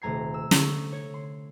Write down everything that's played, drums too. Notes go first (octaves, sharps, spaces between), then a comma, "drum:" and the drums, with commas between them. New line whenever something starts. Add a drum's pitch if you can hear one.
D#1 C3 A3 A#5 G#6 C7
E6
D3 C#6, drum: snare
C#5
C6